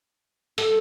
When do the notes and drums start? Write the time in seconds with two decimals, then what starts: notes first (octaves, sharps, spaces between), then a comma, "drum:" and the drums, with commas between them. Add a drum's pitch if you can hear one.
0.58 A4, drum: hi-hat